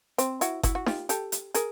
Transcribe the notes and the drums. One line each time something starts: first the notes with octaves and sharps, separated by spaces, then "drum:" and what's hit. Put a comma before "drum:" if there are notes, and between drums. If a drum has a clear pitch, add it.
C4, drum: hi-hat
E4 F#4, drum: hi-hat
E4 F#4, drum: kick F#1, hi-hat
F#4
F4 G4, drum: snare D#4
G4 A4, drum: hi-hat
drum: hi-hat
G#4 A#4, drum: hi-hat